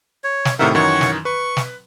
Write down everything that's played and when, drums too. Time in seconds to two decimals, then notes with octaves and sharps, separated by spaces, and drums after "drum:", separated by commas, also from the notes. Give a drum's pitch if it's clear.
0.24 C#5
0.45 drum: snare
0.59 A2 C3 D#3 A#4 E5 F#5
0.75 F#2 D#3 E3 C#5 F#5 C#6
1.01 drum: snare
1.25 B4 C#6
1.57 drum: snare